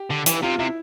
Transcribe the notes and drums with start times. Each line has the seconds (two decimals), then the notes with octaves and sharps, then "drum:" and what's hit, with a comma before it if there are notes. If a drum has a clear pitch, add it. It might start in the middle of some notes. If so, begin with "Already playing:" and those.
Already playing: G4
0.10 D3
0.26 E3, drum: hi-hat
0.42 C3 F4
0.59 C3 E4